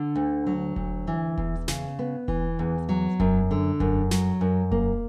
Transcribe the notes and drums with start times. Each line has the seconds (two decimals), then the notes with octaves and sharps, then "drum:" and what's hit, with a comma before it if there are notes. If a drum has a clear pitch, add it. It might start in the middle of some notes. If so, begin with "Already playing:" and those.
Already playing: D3
0.15 D2
0.47 F#3
0.76 D2, drum: kick E1
1.07 E3
1.38 E2, drum: kick E1
1.68 C#3, drum: snare
1.99 B3
2.28 E3, drum: kick E1
2.59 E2
2.89 F#3
3.20 F#2, drum: kick E1
3.51 D3
3.80 F#2, drum: kick E1
4.11 F#3, drum: snare
4.41 F#2
4.72 A#3, drum: kick E1